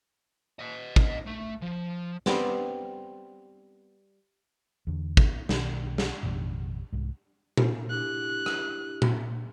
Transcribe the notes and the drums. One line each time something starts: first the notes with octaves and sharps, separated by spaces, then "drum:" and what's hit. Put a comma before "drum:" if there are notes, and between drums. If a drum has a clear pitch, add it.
D#5 F#5
drum: kick
A3
F3
G3 B3 C4 D6, drum: snare
E2 D3
drum: kick
B1 B2 D#3, drum: snare
drum: snare
A1 F2 B2 D#3
C2 G#2
drum: tom A#2
D4 E4 G4 F#6
drum: rim click
drum: tom A#2